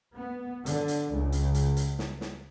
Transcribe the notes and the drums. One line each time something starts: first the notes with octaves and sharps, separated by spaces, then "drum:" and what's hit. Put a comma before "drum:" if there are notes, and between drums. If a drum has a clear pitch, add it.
B3
D3, drum: hi-hat
drum: hi-hat
C#2
drum: hi-hat
drum: hi-hat
drum: hi-hat
drum: snare
drum: snare